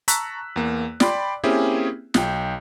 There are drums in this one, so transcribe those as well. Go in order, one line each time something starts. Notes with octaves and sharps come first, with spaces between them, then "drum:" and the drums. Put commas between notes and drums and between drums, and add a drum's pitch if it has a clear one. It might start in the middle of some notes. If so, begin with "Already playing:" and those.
A5 A#5 C#6 E6 F#6 B6, drum: hi-hat
E2 A#3
D5 G5 B5 C6 D6, drum: snare
A#3 C4 C#4 E4 G4 G#4
B1 G5, drum: snare